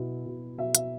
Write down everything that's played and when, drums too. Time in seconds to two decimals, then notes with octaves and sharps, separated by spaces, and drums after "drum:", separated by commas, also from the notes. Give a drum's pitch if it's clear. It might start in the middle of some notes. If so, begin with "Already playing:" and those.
Already playing: B2 E4
0.26 B2
0.58 B2 E5
0.75 E5, drum: hi-hat